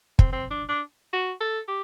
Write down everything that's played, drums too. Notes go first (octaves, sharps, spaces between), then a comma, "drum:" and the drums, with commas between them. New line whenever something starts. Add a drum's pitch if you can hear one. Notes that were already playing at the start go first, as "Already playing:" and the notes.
C4, drum: kick
C4
D4
D4
F#4
A4
G4